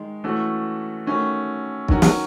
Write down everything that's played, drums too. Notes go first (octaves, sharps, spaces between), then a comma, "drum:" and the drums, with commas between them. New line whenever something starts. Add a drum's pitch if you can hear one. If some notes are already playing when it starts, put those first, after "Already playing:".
Already playing: D#3 G#3
E3 A3 C#4 F#4 A4
D#3 A3 C#4 F#4
D#3 F#3 C#4 F#4, drum: kick
drum: snare